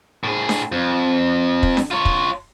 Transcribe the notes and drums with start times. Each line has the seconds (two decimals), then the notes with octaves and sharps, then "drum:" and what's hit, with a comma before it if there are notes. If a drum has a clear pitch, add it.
0.24 A2 G#4
0.49 drum: snare D4
0.72 F2
1.63 drum: kick
1.77 drum: snare D4
1.91 F4 C#5
2.05 drum: kick